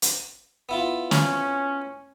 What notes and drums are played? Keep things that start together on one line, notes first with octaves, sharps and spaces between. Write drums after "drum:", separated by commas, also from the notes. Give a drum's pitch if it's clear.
drum: hi-hat
B3 E4 F4
C#4, drum: snare